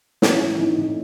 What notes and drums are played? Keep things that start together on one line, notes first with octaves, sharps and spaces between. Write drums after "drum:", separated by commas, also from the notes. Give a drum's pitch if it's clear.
A2 C#4, drum: snare
E3
A2 D#4
A2